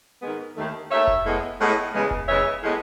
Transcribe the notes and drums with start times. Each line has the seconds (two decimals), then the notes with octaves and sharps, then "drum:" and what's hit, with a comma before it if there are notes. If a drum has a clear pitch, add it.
0.22 G#2 D#3 G#3 B3
0.55 D#2 D#3 A3
0.90 D#2 D#3 A3 C#5 E5
1.07 drum: kick F1
1.24 A2 G#3 B3
1.60 A2 G#3 B3
1.93 E2 C#3 E3 G#3
2.11 drum: kick F1
2.27 E2 C#3 E3 G#3 C#5 E5
2.62 A2 G#3 B3